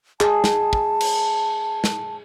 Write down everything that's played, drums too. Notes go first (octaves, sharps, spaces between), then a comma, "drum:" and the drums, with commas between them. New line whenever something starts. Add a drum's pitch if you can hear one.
G#4 A5, drum: clap
drum: snare
drum: kick
drum: cymbal
drum: snare